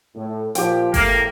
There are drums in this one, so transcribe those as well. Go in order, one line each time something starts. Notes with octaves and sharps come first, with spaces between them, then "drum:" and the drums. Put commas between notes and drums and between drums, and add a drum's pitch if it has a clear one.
A2
A#2 F3 G4 G5, drum: hi-hat
E2 A2 A#3, drum: kick G1, open hi-hat